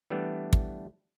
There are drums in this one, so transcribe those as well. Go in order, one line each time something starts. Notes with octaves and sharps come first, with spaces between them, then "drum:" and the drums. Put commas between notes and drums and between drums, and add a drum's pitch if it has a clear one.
E3 G3 A3 B3 D4
drum: kick